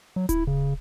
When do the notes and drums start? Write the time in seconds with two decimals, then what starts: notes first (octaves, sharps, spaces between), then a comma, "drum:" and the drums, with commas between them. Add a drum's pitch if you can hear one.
0.16 F#3
0.29 E4, drum: kick D1, hi-hat
0.47 C#3